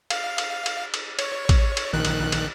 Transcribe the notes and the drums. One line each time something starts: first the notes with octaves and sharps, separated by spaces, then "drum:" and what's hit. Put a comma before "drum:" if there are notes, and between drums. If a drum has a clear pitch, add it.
F5, drum: cymbal
drum: cymbal
drum: cymbal
drum: cymbal
C#5, drum: cymbal
drum: kick, cymbal
drum: cymbal
A#1 D#3 F#6
drum: cymbal
drum: cymbal